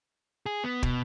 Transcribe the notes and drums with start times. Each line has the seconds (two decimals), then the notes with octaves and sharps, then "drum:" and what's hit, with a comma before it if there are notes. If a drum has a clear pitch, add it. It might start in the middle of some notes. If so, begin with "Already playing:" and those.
0.46 G#4
0.64 B3
0.83 B2, drum: kick